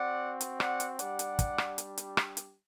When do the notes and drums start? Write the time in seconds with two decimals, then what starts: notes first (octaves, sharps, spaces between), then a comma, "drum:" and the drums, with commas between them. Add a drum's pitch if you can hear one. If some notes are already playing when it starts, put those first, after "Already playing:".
Already playing: C4 F#4 D5 F#5
0.41 drum: hi-hat
0.60 D5 F#5, drum: rim click
0.80 drum: hi-hat
0.99 G3 D4 G4 D5 F#5, drum: hi-hat
1.19 drum: hi-hat
1.39 drum: kick, hi-hat
1.58 drum: rim click
1.78 drum: hi-hat
1.98 drum: hi-hat
2.17 drum: rim click
2.37 drum: hi-hat